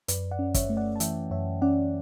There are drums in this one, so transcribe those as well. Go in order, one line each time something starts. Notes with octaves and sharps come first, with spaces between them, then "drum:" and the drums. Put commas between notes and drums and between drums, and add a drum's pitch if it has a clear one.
F#2 B4 D5, drum: hi-hat
D5 F#5
C#4
C#5 E5, drum: kick, hi-hat
A3
D5 F#5
A5
E3 E5 G5, drum: hi-hat
F#2 C#5 E5
C#4 D5 F#5